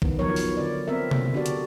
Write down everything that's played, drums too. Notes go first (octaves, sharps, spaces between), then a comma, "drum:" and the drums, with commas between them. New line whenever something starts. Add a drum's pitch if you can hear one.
D#3 B3, drum: kick
D#3 F3 F#3 B3 A#4 C#5
drum: open hi-hat
D3 D5
B3 C4 A#4 E5
drum: tom C3
D3 D4 F#4 G4 D5
drum: hi-hat